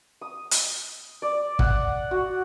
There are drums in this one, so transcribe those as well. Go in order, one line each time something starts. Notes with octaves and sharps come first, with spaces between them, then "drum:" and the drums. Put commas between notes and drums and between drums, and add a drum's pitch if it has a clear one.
D#6
drum: hi-hat
D5
F#5, drum: kick
F#4